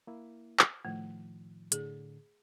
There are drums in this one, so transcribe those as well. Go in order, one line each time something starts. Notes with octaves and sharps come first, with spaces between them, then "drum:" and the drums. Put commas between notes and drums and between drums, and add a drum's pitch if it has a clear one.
A#3 E4
drum: clap
A2 D#3 F3 A3
A2 D3 G#4, drum: hi-hat